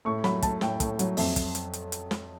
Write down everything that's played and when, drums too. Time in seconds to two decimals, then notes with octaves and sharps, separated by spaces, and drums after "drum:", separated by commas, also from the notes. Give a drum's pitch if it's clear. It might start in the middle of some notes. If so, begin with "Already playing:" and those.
0.05 A2 C#6
0.24 F#3 B5, drum: snare
0.42 A3 A5, drum: kick, hi-hat
0.61 A2 G5, drum: snare
0.80 A2, drum: kick, hi-hat
0.99 F#3, drum: hi-hat
1.17 F2 E5, drum: open hi-hat
1.36 drum: kick, hi-hat
1.55 drum: hi-hat
1.73 drum: hi-hat
1.92 drum: hi-hat
2.11 drum: snare